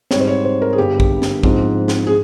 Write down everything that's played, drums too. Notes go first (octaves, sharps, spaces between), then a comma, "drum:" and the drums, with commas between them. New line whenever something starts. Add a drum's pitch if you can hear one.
G#2 G3 C4 C#5, drum: snare
C5
C#5
C5
A#4
G#4
G1 G2 G3 G4
drum: kick
drum: snare
G#2 F3 C4, drum: kick
drum: snare
G#4